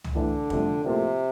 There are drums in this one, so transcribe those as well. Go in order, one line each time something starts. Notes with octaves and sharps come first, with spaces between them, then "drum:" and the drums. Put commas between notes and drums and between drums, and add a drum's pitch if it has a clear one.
drum: tom
A2 D3 E3 A3 E4
G1 F2 C3 F3 A3, drum: kick
A2 C3 F3 A#3 F4 A4